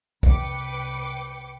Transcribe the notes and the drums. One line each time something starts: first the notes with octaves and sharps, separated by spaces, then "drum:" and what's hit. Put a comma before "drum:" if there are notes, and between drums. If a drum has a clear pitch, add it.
C2 B4 G5 D6 C#7, drum: kick